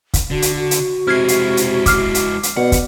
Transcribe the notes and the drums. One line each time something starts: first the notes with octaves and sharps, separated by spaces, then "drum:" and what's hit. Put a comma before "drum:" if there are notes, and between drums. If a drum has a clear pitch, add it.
drum: kick, hi-hat
D3 F#4
drum: hi-hat
F#4
drum: hi-hat
C3 G#3 E4 F6 G#6 C7
drum: hi-hat
drum: hi-hat
D6 F6 C7, drum: kick, hi-hat
drum: hi-hat
drum: hi-hat
B2 D5 F#5
drum: kick, hi-hat